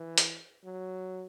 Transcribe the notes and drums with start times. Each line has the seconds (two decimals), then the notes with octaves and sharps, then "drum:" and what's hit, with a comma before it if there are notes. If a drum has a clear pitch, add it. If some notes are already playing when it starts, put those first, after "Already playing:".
Already playing: E3
0.18 drum: hi-hat
0.64 F#3